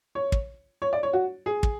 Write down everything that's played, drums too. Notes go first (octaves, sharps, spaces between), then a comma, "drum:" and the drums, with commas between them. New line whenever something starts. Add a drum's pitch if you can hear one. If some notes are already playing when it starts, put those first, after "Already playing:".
C#5
drum: kick
C#5
D5
C#5
F#4
G#4
drum: kick